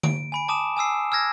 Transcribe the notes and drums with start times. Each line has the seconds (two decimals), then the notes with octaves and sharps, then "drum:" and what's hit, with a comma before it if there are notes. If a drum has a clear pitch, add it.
0.03 D7, drum: tom D3
0.32 G#5 B5 D7
0.48 A5 D6 D#6 E7
0.77 G#5 D#6 E6 C7
1.12 E6 F6 G#6 A#6